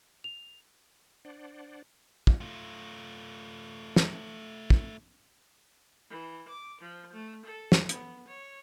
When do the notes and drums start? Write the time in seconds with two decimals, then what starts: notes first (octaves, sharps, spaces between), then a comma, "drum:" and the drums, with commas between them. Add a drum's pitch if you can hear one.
0.24 F7
1.25 D4 C5 D5 F#5
2.27 drum: kick
2.41 A3 F4
3.96 drum: snare
4.70 drum: kick
6.10 E3
6.48 D6
6.81 F3
7.13 A3
7.46 A4
7.72 drum: snare
7.89 B3, drum: hi-hat
8.28 C#5